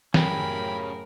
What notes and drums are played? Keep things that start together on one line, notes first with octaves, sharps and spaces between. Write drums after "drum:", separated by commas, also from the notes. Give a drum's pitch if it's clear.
F#2 A2 C#4 G4 G#4 A#4 G5 B5, drum: snare